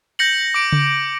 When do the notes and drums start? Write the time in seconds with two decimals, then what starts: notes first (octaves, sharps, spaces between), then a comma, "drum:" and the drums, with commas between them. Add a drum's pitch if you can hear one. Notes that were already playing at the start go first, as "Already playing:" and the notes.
0.19 G6 A#6 C#7 F#7
0.54 D6 D7
0.72 drum: tom C#3